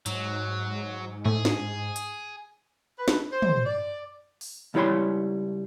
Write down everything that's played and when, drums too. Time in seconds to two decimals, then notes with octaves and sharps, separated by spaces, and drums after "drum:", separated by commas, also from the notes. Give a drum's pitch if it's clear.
0.06 G#2 F#3, drum: hi-hat
1.25 A2 G#4
1.45 drum: snare
1.96 drum: hi-hat
2.98 B4
3.08 drum: snare
3.32 C5
3.42 drum: tom
3.65 D5
4.41 drum: open hi-hat
4.74 C#2 G3 E4 C#5 B5 C6